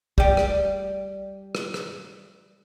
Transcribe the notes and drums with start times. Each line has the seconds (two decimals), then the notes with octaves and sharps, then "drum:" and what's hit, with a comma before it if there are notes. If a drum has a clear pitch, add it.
0.18 G3 G4, drum: kick
0.37 drum: rim click
1.55 drum: rim click
1.74 drum: rim click